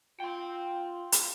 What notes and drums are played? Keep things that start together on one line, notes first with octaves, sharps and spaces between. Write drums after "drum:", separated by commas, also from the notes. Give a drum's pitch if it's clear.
F4 G5 C6
drum: hi-hat